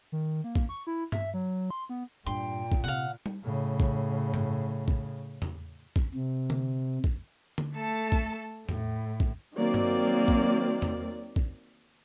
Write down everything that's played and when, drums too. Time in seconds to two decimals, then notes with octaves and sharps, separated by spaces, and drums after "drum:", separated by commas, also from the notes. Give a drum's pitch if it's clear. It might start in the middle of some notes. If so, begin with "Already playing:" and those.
0.12 D#3
0.44 A#3
0.55 drum: kick
0.69 C#6
0.87 E4
1.12 E5, drum: tom G2
1.34 F#3
1.70 C6
1.89 B3
2.26 G2 A#2 G5 C6
2.72 drum: kick
2.84 C3 F5 F#5
3.26 drum: tom G3
3.44 A2 C#3
3.80 drum: kick
4.34 drum: tom G2
4.88 drum: kick
5.42 drum: tom E2
5.96 drum: kick
6.15 C3
6.50 drum: tom D3
7.04 drum: kick
7.58 drum: tom D3
7.75 A3 A4 A5
8.12 drum: kick
8.69 A2, drum: tom E2
9.20 drum: kick
9.55 D#3 F#3 A#3 C4 D5
9.74 drum: tom G2
10.28 drum: kick
10.82 drum: tom E2
11.36 drum: kick